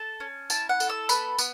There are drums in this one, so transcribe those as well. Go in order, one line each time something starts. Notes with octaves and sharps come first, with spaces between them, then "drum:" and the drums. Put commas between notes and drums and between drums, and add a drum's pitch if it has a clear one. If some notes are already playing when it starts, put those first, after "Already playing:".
Already playing: A4 A5
C#4
E4 A5, drum: tambourine
F#5
A4, drum: tambourine
E6
B3 B5, drum: tambourine
B3, drum: tambourine